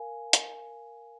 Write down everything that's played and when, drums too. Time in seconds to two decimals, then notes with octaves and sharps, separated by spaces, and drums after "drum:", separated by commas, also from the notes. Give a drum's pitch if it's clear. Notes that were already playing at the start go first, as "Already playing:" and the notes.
Already playing: A#4 F5 G#5
0.33 drum: hi-hat